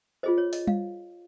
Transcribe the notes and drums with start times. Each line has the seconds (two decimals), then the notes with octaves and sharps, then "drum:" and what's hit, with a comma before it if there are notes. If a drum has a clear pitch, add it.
0.23 F4 G#4 C5 D#5
0.38 C#5
0.53 D#5, drum: open hi-hat
0.67 F5, drum: tom G3